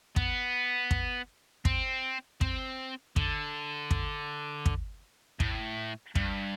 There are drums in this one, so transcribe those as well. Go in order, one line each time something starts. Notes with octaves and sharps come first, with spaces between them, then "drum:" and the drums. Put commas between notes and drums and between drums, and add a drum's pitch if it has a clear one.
B3, drum: kick
drum: kick
C4, drum: kick
C4, drum: kick
D3, drum: kick
drum: kick
drum: kick
A2, drum: kick
G2, drum: kick